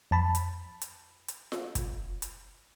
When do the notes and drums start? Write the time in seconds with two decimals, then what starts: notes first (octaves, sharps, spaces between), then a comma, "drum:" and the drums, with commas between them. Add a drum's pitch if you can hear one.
0.11 F2 A5 B5
0.35 drum: hi-hat
0.81 drum: hi-hat
1.28 drum: hi-hat
1.52 drum: snare F4
1.75 drum: kick, hi-hat
2.22 drum: hi-hat